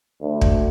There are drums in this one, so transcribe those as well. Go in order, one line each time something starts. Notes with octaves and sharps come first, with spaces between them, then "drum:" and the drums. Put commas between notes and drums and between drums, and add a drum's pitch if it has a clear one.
D2
drum: kick